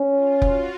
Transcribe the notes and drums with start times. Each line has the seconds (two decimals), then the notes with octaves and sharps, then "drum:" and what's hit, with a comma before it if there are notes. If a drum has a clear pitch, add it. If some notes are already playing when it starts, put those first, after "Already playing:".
Already playing: C#4
0.09 F4
0.42 F#4, drum: kick F1